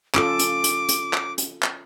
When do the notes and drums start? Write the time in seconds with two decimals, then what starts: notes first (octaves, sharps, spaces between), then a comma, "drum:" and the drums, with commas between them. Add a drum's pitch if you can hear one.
0.15 C#4 F4 A4 D6, drum: clap
0.39 drum: hi-hat
0.64 drum: hi-hat
0.89 drum: hi-hat
1.13 drum: clap
1.38 drum: hi-hat
1.63 drum: clap